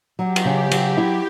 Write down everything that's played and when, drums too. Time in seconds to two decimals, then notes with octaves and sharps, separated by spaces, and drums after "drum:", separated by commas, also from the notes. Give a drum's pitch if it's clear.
0.18 F#3 G4
0.36 drum: cymbal
0.45 C#3
0.71 F#3 G4, drum: cymbal
0.97 E4